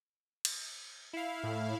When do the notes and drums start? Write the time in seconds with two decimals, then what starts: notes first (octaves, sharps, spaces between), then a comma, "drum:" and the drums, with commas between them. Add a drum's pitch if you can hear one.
0.45 drum: cymbal
1.13 E4 F5
1.43 A2